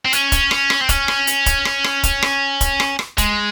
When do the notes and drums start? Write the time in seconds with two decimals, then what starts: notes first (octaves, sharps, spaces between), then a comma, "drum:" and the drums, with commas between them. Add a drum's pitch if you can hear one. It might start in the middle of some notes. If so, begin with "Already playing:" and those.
0.05 C4
0.13 C#4, drum: hi-hat
0.32 drum: kick, hi-hat
0.51 drum: rim click
0.70 drum: rim click
0.81 C4
0.89 C#4, drum: kick, hi-hat
1.08 drum: rim click
1.27 drum: hi-hat
1.46 drum: kick, hi-hat
1.65 drum: rim click
1.84 drum: rim click
2.03 drum: kick, hi-hat
2.23 drum: rim click
2.61 drum: kick, hi-hat
2.80 drum: rim click
2.99 drum: rim click
3.18 G#3, drum: kick, hi-hat